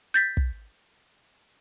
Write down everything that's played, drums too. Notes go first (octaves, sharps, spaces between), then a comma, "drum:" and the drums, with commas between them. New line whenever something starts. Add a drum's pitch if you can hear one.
G6 A6 B6
drum: kick